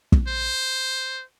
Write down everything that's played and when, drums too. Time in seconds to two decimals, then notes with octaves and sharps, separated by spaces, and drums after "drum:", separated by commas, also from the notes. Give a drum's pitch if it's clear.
0.12 drum: kick
0.27 C5